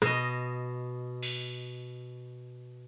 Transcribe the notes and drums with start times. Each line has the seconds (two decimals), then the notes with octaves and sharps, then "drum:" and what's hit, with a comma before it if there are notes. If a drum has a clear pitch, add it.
0.02 B2 D#5, drum: rim click
1.23 drum: cymbal